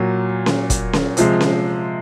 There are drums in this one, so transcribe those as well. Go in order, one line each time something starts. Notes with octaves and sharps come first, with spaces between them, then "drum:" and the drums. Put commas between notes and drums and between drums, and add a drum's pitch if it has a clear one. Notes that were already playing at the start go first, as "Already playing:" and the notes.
Already playing: A#2 F#3
drum: snare C#4
drum: kick, hi-hat
drum: snare C#4
C3 F3 G#3, drum: hi-hat
drum: snare C#4